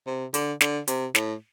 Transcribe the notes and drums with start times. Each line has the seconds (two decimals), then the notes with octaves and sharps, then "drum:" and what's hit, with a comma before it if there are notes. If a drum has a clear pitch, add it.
0.07 C3
0.34 D3, drum: hi-hat
0.61 D3, drum: snare
0.88 C3, drum: hi-hat
1.15 A2, drum: snare